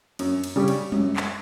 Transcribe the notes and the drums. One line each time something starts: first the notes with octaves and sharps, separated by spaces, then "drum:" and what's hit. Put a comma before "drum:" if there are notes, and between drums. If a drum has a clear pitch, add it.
F#2, drum: cymbal
drum: cymbal
C#3 G3 C#4 G4
drum: cymbal
F#2, drum: tom G3
drum: clap